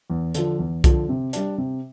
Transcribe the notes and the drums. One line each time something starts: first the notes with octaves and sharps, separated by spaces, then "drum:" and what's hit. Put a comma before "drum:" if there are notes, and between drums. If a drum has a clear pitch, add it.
E2
D3 F3, drum: hi-hat
E2
D3 F3, drum: kick B1, hi-hat
C3
G3 D4, drum: hi-hat
C3